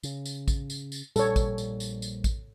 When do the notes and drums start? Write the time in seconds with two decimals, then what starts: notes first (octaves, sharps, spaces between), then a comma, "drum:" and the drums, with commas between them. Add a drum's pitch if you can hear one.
0.03 C#3, drum: tambourine
0.26 drum: tambourine
0.48 drum: kick A1, tambourine
0.70 drum: tambourine
0.92 drum: tambourine
1.16 A#1 A#2 G3 A4 C#5, drum: tambourine
1.36 drum: kick A1, tambourine
1.58 drum: tambourine
1.80 drum: tambourine
2.02 drum: tambourine
2.24 drum: kick A1, tambourine